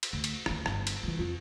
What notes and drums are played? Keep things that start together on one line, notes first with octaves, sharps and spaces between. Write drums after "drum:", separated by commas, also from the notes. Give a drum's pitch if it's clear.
drum: cymbal
D2
drum: cymbal
D2 D#3, drum: rim click
G1, drum: rim click
drum: cymbal
E3 F3
F2 F4